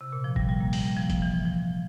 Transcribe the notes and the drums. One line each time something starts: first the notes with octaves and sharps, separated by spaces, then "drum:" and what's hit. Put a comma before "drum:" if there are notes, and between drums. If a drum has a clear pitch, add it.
C3
A#2
F3
G3, drum: kick
G3
A#3
G3, drum: open hi-hat
G3
F3
F3, drum: kick, hi-hat
E3
F3
F3